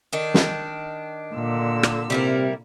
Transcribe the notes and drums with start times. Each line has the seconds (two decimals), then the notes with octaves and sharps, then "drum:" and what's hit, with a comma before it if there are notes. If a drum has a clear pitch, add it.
0.13 D#3 D4
0.34 drum: snare
1.34 A#2 D3 E6
1.83 drum: rim click
2.10 C3 G3 E4 A#4